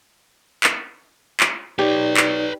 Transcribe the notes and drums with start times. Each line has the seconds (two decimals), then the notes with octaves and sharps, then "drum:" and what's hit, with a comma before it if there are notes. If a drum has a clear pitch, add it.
0.64 drum: clap
1.40 drum: clap
1.79 D#4 G4 B4 C#5 D5
2.17 drum: clap